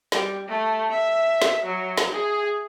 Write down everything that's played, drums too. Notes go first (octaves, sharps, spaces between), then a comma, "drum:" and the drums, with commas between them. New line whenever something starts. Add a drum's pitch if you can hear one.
G3, drum: snare
A3
E5
drum: snare
F#3
drum: snare
G#4